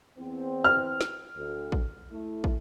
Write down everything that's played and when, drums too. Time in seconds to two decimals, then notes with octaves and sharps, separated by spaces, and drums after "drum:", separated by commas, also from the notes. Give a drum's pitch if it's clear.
0.19 E2 C4
0.64 F6
1.01 drum: snare
1.36 D2
1.72 drum: kick
2.12 A3 E4
2.44 drum: kick